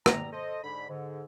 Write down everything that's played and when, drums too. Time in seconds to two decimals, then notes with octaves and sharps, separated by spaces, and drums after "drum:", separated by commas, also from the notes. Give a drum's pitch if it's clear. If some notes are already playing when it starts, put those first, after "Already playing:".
0.06 E2 G3 A#5, drum: rim click
0.32 A4 C5 D#5
0.63 G#2 D3 B5
0.89 G#2 D3